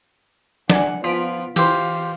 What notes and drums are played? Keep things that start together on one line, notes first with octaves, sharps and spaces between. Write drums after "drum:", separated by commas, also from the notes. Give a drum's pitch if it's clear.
D4 D5 F#5 G#5, drum: snare
F3 B3 F4 B6 D7
E3 F4 G4 C5 F5, drum: cymbal